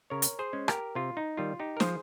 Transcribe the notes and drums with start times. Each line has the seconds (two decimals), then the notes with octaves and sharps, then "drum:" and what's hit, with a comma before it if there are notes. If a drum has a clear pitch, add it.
0.10 C#3 A#4 C#5
0.22 drum: hi-hat
0.39 G#4 C5
0.53 G#3 C#4
0.68 G4 A#4, drum: rim click
0.95 C3 F4
1.17 D#4
1.37 D#3 G3 F4
1.59 D#4 G4
1.77 A#4
1.80 F3 G#4 C5, drum: snare